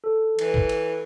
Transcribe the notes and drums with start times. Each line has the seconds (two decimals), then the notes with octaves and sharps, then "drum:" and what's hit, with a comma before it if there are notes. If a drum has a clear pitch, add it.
0.04 A4
0.39 E3, drum: cymbal
0.54 drum: kick G#1
0.69 drum: cymbal